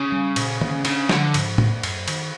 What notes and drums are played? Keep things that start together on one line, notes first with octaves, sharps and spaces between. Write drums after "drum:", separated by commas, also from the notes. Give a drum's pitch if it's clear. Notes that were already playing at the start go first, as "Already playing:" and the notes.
Already playing: C#3
G3
A#2, drum: cymbal
A#3, drum: tom D#3
C#3 D4, drum: cymbal
D3 F3, drum: snare
G#2, drum: cymbal
A#3, drum: tom A2
F#2, drum: cymbal
D#3, drum: cymbal